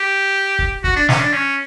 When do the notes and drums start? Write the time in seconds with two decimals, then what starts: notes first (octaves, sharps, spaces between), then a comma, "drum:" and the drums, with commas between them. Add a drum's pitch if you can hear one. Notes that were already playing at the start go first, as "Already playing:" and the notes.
Already playing: G4
0.59 drum: kick
0.84 F#4, drum: kick
0.96 D4
1.09 C#4, drum: snare
1.21 D4
1.33 C#4